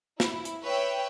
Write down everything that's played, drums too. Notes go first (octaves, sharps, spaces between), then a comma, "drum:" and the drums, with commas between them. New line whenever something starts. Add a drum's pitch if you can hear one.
E4, drum: snare
drum: hi-hat
B4 C#5 E5 G5